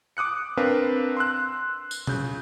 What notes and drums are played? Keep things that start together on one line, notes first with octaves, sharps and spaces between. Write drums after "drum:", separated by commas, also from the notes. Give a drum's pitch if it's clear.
D6 D#6 F#6 C#7
C4 D4 A#4 B4 F5
C6 E6 F#6
drum: tambourine
C#3 G6, drum: tom B2